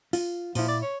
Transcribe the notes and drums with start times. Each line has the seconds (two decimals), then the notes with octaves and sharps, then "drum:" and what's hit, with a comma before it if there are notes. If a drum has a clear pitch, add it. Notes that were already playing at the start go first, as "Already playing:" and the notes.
0.13 F4, drum: open hi-hat
0.55 A#2 F3 E4, drum: open hi-hat
0.68 D5
0.82 C#5